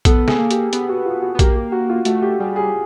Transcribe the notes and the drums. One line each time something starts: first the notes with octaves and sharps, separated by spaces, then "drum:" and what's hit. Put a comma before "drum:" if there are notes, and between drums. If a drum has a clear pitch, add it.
B3 A4, drum: kick A#1, hi-hat
G#4, drum: snare
A#3
G4, drum: hi-hat
B3 G4, drum: hi-hat
F#4
F4
F#4
B3
A#3 G4, drum: kick A#1, hi-hat
G4
F#4
F4
A3 F#4, drum: hi-hat
G4
G3 G#4
G#4